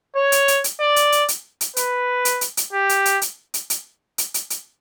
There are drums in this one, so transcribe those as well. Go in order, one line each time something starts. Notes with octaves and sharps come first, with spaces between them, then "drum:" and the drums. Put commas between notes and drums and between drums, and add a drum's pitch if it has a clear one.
C#5
drum: hi-hat
drum: hi-hat
drum: hi-hat
D5
drum: hi-hat
drum: hi-hat
drum: hi-hat
drum: hi-hat
B4, drum: hi-hat
drum: hi-hat
drum: hi-hat
drum: hi-hat
G4
drum: hi-hat
drum: hi-hat
drum: hi-hat
drum: hi-hat
drum: hi-hat
drum: hi-hat
drum: hi-hat
drum: hi-hat